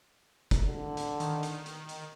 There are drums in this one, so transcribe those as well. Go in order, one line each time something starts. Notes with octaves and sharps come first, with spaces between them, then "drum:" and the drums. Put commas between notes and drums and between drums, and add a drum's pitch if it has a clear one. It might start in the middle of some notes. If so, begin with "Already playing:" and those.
drum: kick, hi-hat
D3
drum: hi-hat
D#3, drum: hi-hat
drum: hi-hat
drum: hi-hat
drum: hi-hat